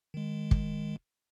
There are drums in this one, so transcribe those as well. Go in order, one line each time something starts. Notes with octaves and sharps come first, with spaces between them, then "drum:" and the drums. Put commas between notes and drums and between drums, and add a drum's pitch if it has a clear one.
D#3 G#3
drum: kick